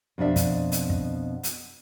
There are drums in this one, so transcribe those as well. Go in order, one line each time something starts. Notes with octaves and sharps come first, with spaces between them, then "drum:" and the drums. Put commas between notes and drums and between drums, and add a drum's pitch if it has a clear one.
F2 B2 D4 E5
drum: kick, hi-hat
drum: hi-hat
drum: kick
drum: hi-hat